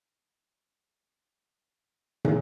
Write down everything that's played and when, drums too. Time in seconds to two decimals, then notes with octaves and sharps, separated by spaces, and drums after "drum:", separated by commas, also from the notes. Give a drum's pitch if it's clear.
0.22 F3 G#5
0.48 C4 D#4 D#5
0.73 F3 G#4
0.91 F#4
0.99 C4 D#4
1.07 F4
1.24 D#3 F#4
1.40 F#4
1.49 F#3 C4
1.57 F#4
1.74 D#3 G#4
2.25 drum: tom